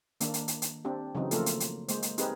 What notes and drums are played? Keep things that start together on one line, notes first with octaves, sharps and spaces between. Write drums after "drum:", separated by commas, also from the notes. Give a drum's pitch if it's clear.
D#3 A#3 D4, drum: hi-hat
drum: hi-hat
drum: hi-hat
drum: hi-hat
C4 D4 G4
C#3 E3 F#3 C4 D#4
F3 A3 A#3 F4 A4 A#4, drum: hi-hat
drum: hi-hat
drum: hi-hat
G#3 A#3 C5, drum: hi-hat
drum: hi-hat
C4 D#4 G4 G#4 A#4 B4, drum: hi-hat